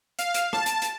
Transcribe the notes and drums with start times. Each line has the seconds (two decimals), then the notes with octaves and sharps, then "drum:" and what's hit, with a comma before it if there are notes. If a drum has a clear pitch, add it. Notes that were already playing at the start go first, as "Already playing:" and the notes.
0.19 F5, drum: hi-hat
0.34 drum: hi-hat
0.53 A5, drum: rim click
0.66 drum: hi-hat
0.82 drum: hi-hat